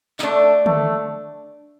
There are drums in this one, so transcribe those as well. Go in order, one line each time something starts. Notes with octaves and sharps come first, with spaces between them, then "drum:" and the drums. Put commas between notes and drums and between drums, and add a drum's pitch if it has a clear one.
D#4, drum: clap
A3 D4
A3, drum: tom D3